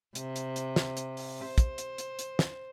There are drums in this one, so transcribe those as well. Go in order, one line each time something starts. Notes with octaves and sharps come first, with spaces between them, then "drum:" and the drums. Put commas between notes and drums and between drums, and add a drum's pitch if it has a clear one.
C3, drum: hi-hat
drum: hi-hat
drum: hi-hat
drum: snare
drum: hi-hat
drum: open hi-hat
C5
drum: kick, hi-hat
drum: hi-hat
drum: hi-hat
drum: hi-hat
drum: snare